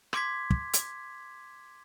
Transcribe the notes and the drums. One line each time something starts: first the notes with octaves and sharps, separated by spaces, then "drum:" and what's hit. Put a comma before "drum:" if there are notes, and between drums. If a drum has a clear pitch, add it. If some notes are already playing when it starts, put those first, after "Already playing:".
C6 D6 G#6 B6, drum: rim click
drum: kick
drum: hi-hat